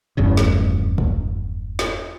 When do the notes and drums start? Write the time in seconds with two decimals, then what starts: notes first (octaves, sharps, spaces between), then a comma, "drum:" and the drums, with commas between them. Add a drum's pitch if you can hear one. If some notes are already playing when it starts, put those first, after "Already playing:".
0.17 F1 E2 G2 C#3
0.37 drum: snare
0.98 drum: kick
1.79 drum: snare